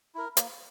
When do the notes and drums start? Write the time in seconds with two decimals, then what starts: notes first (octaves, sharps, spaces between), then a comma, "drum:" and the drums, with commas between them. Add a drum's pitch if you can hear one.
0.15 E4 A#4
0.37 A#3, drum: hi-hat